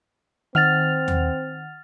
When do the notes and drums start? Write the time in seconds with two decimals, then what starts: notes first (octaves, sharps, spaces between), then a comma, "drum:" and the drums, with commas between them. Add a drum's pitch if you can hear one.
0.55 D#3 C4 F#5 F6 A6 F7
1.08 drum: tom D#2